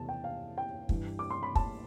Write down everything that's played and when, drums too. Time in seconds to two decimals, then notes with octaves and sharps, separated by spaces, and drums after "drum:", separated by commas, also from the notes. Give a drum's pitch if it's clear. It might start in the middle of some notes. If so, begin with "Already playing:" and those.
Already playing: E2 C3 E3 A3 A5
0.09 G5
0.24 F5
0.58 G5
0.89 G2 E3 G3, drum: kick
1.19 D6
1.30 C6
1.43 B5
1.55 A5, drum: kick